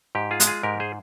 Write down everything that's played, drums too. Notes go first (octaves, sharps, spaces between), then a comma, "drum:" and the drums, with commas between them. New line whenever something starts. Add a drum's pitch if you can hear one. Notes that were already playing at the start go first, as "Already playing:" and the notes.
G#2 G4
F4 G#4
G#3, drum: hi-hat
F4 G#4
G#2 G4 A#4
G#4 C5